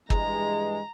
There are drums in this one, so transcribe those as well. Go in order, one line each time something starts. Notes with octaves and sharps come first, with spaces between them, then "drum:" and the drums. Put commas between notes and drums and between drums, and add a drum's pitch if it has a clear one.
G2 E3 G#3 A#5, drum: kick